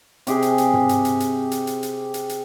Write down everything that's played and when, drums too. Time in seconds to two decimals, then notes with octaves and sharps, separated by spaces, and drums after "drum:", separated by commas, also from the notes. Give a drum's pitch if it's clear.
0.27 C3 G4 G#4, drum: hi-hat
0.42 drum: hi-hat
0.58 drum: hi-hat
0.74 drum: tom
0.89 drum: hi-hat
1.05 drum: hi-hat
1.20 drum: hi-hat
1.51 drum: hi-hat
1.67 drum: hi-hat
1.83 drum: hi-hat
2.14 drum: hi-hat
2.29 drum: hi-hat